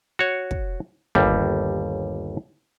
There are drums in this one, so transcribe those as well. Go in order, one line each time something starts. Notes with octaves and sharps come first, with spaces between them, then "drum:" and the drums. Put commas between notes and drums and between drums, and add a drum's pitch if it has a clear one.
F#4 C#5
drum: kick
G1 D#2 G3, drum: kick